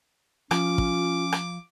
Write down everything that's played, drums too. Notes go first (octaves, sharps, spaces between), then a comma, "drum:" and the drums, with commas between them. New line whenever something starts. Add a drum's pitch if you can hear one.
F3 C#4 F4 D6, drum: rim click
drum: kick
drum: rim click